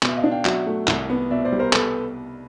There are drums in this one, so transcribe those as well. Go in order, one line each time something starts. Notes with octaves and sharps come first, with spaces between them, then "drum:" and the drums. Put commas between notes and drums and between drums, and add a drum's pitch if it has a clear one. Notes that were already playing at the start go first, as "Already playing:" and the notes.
B2, drum: clap
E5
D#5 F5
D4
F5 G5
F#3 E5 F#5, drum: clap
A3
C2, drum: clap
B3
B2 D5 E5
C5 D5
G3
A#4 C5
A4 B4, drum: clap